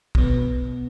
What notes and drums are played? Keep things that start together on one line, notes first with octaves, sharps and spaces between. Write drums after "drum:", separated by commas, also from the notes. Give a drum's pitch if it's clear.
B2 B3, drum: kick